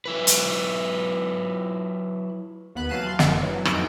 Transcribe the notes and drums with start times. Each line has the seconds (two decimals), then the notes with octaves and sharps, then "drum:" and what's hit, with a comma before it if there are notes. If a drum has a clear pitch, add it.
0.05 F#3 E4 B4
0.27 drum: hi-hat
2.75 D#2 B3 B5 F#6
2.89 E3 F#3 F5 A5 F#6 D#7
3.07 F5 C6
3.19 G1 F#2 C#7, drum: snare
3.42 E3 F#3
3.65 F2 E3 D#4 F#4 D7, drum: rim click